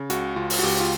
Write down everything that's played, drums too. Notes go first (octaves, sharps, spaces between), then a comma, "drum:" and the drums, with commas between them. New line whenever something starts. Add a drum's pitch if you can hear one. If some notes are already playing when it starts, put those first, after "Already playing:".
Already playing: C#3
C#2 F#4, drum: hi-hat
C#2 F4
drum: open hi-hat
F#4
C#2 G4
F4